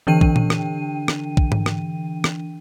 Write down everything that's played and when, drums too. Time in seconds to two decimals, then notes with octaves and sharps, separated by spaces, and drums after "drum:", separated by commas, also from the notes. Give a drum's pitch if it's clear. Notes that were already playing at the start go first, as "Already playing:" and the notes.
0.07 D3 E3 D4 G5 D#7
0.21 drum: kick
0.36 drum: tom A#2
0.50 drum: rim click
1.08 drum: rim click
1.37 drum: kick
1.52 drum: tom G#2
1.66 drum: rim click
2.24 drum: rim click